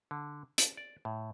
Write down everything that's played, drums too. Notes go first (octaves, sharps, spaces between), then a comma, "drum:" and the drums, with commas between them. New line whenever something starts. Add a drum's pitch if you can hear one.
D3
A5, drum: hi-hat
D5
A2